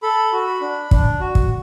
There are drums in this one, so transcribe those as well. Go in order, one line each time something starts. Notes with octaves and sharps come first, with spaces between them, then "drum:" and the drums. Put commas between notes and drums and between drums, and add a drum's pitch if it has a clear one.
A4 B5
F#4
B5
D4
D4, drum: kick
F#4
drum: kick